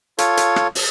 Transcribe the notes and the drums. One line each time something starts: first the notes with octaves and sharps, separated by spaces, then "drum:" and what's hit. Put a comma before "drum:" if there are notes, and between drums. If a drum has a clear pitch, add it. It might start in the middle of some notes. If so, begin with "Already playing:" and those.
F4 A4 C#5, drum: hi-hat
drum: hi-hat
drum: rim click
drum: open hi-hat